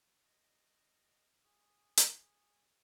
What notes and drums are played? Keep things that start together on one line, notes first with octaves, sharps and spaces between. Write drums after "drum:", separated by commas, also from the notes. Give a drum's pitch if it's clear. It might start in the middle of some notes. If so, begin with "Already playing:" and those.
D#5
G#4 C#6 D#6
drum: hi-hat